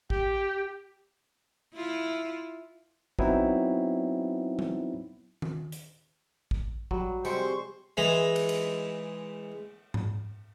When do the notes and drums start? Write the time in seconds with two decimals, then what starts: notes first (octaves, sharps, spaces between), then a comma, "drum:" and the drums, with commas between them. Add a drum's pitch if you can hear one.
0.10 G4, drum: kick A1
1.74 E4 F4
3.19 F#3 B3 C4 D#4 E4, drum: kick A1
4.59 drum: tom F#3
5.42 drum: tom D#3
5.72 drum: hi-hat
6.51 drum: kick A1
6.91 F#3 G3, drum: kick A1
7.25 C3 F3 G3 G#3 C5 C#6, drum: tambourine
7.97 E3 G#3
8.36 drum: cymbal
8.49 drum: cymbal
9.94 drum: tom G#2